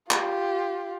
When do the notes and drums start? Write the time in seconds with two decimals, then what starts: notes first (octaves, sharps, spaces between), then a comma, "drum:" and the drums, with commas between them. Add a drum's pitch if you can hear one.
0.11 F4 G4, drum: clap